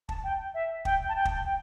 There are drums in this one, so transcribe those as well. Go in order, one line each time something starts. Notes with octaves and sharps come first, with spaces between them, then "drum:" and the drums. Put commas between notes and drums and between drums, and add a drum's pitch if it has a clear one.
A5, drum: kick
G5
E5
G5, drum: kick
A5
G5
drum: kick
G5